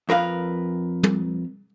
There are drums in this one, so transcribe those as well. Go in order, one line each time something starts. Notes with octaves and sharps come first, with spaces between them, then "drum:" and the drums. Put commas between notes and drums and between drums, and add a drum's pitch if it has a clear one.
F2 A#4 B4 F5
drum: tom